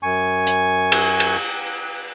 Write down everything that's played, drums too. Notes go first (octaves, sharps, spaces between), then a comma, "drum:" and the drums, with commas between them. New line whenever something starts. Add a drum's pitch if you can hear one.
F#2 G#5 C#6
drum: hi-hat
drum: cymbal
drum: cymbal